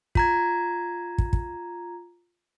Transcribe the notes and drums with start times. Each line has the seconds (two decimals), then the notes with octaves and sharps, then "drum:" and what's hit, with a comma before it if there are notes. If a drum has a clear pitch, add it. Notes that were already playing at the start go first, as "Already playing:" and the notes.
0.15 F4 A#5 G#6, drum: kick
1.18 drum: kick
1.33 drum: kick